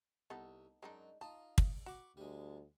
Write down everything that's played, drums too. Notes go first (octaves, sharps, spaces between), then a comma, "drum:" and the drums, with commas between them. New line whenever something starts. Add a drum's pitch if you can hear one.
C2 B3 D#4 A4
F#2 G#3 D4 D#4
D#4 F4 A5
drum: kick
F#4 B5 C#6 D6
D2 G3 G#3